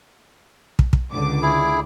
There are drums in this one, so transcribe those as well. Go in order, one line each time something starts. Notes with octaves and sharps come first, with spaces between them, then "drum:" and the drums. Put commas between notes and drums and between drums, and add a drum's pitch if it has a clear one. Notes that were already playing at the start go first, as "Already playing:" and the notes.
drum: kick
drum: kick
C#2 D3 D6
E4 G#4